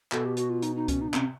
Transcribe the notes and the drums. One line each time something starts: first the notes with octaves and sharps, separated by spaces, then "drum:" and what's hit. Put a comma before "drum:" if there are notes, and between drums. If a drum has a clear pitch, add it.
B2 A4, drum: clap
G4
F#4, drum: hi-hat
F4
D#4, drum: hi-hat
D#4
C#4, drum: kick C#2, hi-hat
D#4
D4
C3 C#4, drum: clap